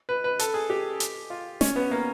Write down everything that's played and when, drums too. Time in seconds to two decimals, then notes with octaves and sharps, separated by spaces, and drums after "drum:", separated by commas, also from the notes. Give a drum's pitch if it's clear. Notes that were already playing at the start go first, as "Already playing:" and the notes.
0.09 B4
0.24 B4
0.39 A4, drum: hi-hat
0.54 G#4
0.70 G4
1.00 drum: hi-hat
1.30 F4
1.61 C#4, drum: snare
1.76 B3
1.91 A#3